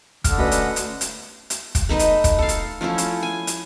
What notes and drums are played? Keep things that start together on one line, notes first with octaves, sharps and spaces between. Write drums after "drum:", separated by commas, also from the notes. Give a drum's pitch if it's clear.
D3 F6, drum: kick, hi-hat
A3 C#4 F#4 B4 D5 D#5 F#5 B5
drum: hi-hat
drum: hi-hat
drum: hi-hat
drum: hi-hat
drum: kick, hi-hat
A3 D#4 B4 D#5
drum: hi-hat
drum: kick, hi-hat
A4 F5
drum: hi-hat
F3 A3 C#4 E4
drum: hi-hat
G#5
drum: hi-hat